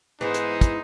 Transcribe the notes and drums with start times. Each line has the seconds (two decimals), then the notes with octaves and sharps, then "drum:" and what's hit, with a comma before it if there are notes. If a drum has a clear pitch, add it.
0.21 G#2 E3 B3 D#4 G#4 C5
0.34 drum: hi-hat
0.61 drum: kick, hi-hat